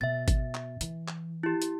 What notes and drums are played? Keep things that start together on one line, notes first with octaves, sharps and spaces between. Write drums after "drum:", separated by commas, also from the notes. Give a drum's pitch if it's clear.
B2 E5 A6
drum: kick G#1, hi-hat
drum: clap
E3, drum: hi-hat
drum: clap
E4 G4
drum: hi-hat